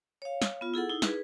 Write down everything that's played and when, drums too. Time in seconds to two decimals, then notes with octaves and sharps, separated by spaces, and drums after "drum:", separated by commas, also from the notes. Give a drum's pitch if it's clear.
0.22 C#5 F5
0.42 drum: snare
0.61 B3 F4
0.74 E4 G#4 A4 F#5
0.89 D#4 E4
1.02 G#4 B4, drum: snare